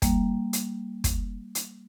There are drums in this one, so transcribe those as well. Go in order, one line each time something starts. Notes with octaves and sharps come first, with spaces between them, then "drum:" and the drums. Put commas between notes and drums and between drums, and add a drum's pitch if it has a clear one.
G3 A#3, drum: kick, hi-hat
drum: hi-hat
drum: kick, hi-hat
drum: hi-hat